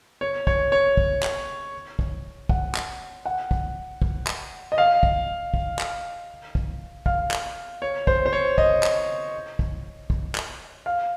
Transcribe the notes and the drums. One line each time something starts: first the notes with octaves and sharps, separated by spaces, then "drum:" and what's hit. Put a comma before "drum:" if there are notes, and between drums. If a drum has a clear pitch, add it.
C#5
C#5, drum: kick
C#5
drum: kick
drum: clap
drum: kick
F#5, drum: kick
drum: clap
F#5
drum: kick
drum: kick
drum: clap
D#5
F5
drum: kick
drum: kick
drum: clap
drum: kick
F5, drum: kick
drum: clap
C#5
C5, drum: kick
C5
C#5
D#5, drum: kick
drum: clap
drum: kick
drum: kick
drum: clap
F5